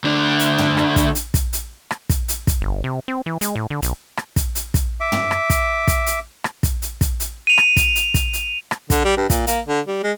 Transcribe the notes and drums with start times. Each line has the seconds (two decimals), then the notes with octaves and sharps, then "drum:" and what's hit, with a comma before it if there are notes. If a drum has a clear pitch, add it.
0.04 D2 D4
0.39 drum: hi-hat
0.58 drum: tom
0.77 drum: rim click
0.96 drum: kick, hi-hat
1.15 drum: hi-hat
1.34 drum: kick, hi-hat
1.53 drum: hi-hat
1.91 drum: rim click
2.09 drum: kick, hi-hat
2.28 drum: hi-hat
2.47 drum: kick, hi-hat
2.61 G1
2.84 C3
3.08 C4
3.26 E3
3.41 G#3, drum: hi-hat
3.56 A2
3.70 D3
3.82 B1, drum: hi-hat
4.17 drum: rim click
4.36 drum: kick, hi-hat
4.55 drum: hi-hat
4.74 drum: kick, hi-hat
5.00 E5 D6
5.12 drum: tom
5.31 drum: rim click
5.50 drum: kick, hi-hat
5.88 drum: kick, hi-hat
6.06 drum: hi-hat
6.44 drum: rim click
6.63 drum: kick, hi-hat
6.82 drum: hi-hat
7.01 drum: kick, hi-hat
7.20 drum: hi-hat
7.47 D#7 F7
7.58 drum: rim click
7.77 drum: kick, hi-hat
7.95 drum: hi-hat
8.14 drum: kick, hi-hat
8.33 drum: hi-hat
8.71 drum: rim click
8.90 D3, drum: kick, hi-hat
9.05 G3
9.17 G2
9.30 A#2, drum: kick, hi-hat
9.47 A#3, drum: hi-hat
9.68 D3
9.87 G3
10.03 G#3